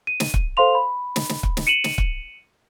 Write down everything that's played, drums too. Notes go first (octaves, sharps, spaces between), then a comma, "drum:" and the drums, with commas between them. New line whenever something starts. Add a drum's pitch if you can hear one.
D#7
drum: snare
drum: kick
A4 C5 F5 C6 F7
B5
drum: snare
drum: snare
drum: kick
drum: snare
C#7 D#7 E7 F#7
drum: snare
drum: kick